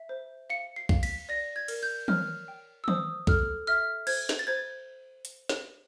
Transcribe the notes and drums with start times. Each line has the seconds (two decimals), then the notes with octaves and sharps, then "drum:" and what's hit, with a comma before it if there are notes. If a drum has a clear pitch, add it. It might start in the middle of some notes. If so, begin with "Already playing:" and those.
Already playing: E5
0.09 C5
0.50 F5 C#7
0.76 C7
0.89 F5, drum: kick B1
1.03 B6, drum: cymbal
1.29 D5 A#6
1.56 G#6
1.68 A#4, drum: cymbal
1.83 G6
2.08 C#5 F6, drum: tom
2.48 G5
2.84 E6
2.88 C5 D#6, drum: tom D#3
3.27 A4 F6, drum: kick B1
3.67 E5 F6
4.07 C5 G#6, drum: cymbal
4.29 drum: snare
4.39 A6
4.47 C5 G#6
5.25 drum: hi-hat
5.49 drum: snare